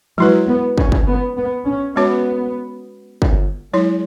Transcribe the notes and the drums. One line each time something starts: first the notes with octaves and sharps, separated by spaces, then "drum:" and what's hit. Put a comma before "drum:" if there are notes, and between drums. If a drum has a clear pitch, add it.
F#3 G#3 E4 B4
B3
C#4, drum: kick
drum: kick
B3
B3
C#4
G#3 B3 C#4 F#4 C#5
drum: kick
F#3 G#3 E4 C#5